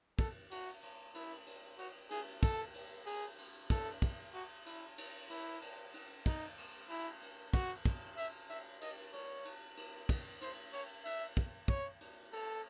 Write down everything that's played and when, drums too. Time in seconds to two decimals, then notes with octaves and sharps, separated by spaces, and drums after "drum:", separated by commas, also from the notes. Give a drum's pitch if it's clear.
0.19 A4, drum: kick, cymbal
0.51 F#4, drum: cymbal
0.83 drum: cymbal
1.14 E4, drum: cymbal
1.47 drum: cymbal
1.78 F#4, drum: cymbal
2.10 G#4, drum: cymbal
2.43 A4, drum: kick, cymbal
2.74 drum: cymbal
3.06 G#4, drum: cymbal
3.38 drum: cymbal
3.70 A4, drum: kick, cymbal
4.02 drum: kick, cymbal
4.34 F#4, drum: cymbal
4.66 E4, drum: cymbal
4.98 drum: cymbal
5.30 E4, drum: cymbal
5.62 drum: cymbal
5.94 drum: cymbal
6.26 D#4, drum: kick, cymbal
6.58 drum: cymbal
6.90 E4, drum: cymbal
7.22 drum: cymbal
7.53 F#4, drum: kick, cymbal
7.85 drum: kick, cymbal
8.17 E5, drum: cymbal
8.49 E5, drum: cymbal
8.81 D#5, drum: cymbal
9.13 C#5, drum: cymbal
9.45 drum: cymbal
9.77 drum: cymbal
10.09 drum: kick, cymbal
10.41 C5, drum: cymbal
10.73 C#5, drum: cymbal
11.05 E5, drum: cymbal
11.37 drum: kick
11.68 C#5, drum: kick
12.01 drum: cymbal
12.33 A4, drum: cymbal